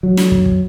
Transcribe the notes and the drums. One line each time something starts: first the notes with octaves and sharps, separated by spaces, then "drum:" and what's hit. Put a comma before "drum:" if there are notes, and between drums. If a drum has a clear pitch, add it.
F#3
drum: snare
drum: kick
drum: kick